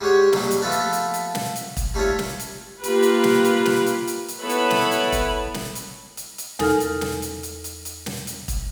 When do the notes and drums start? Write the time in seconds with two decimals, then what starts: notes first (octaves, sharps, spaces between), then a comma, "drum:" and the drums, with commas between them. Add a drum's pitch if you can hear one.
0.01 G3 G#3 F#4 G4 C#5
0.33 A#1 D#2 F#3 G3 D4, drum: snare
0.51 drum: hi-hat
0.62 F3 A3 B3 F4 A4 B4
0.72 drum: hi-hat
0.93 drum: hi-hat
1.14 drum: hi-hat
1.35 drum: snare
1.56 drum: hi-hat
1.77 drum: kick, hi-hat
1.94 G3 A3 D#4 F4 C#5
2.19 drum: snare
2.40 drum: hi-hat
2.84 A#3 F4 G4 B4, drum: hi-hat
3.03 drum: hi-hat
3.23 drum: snare
3.44 drum: hi-hat
3.65 drum: snare
3.86 drum: hi-hat
4.07 drum: hi-hat
4.28 drum: hi-hat
4.40 B3 E4 A4 B4 C#5 B5
4.49 drum: hi-hat
4.70 drum: snare
4.91 drum: hi-hat
5.12 drum: kick, hi-hat
5.54 drum: snare
5.75 drum: hi-hat
6.17 drum: hi-hat
6.38 drum: hi-hat
6.59 E2 D#4 A4 A#4 G#5 F6, drum: snare
6.80 drum: hi-hat
7.01 drum: snare
7.22 drum: hi-hat
7.43 drum: hi-hat
7.64 drum: hi-hat
7.85 drum: hi-hat
8.06 drum: snare
8.27 drum: hi-hat
8.48 drum: kick, hi-hat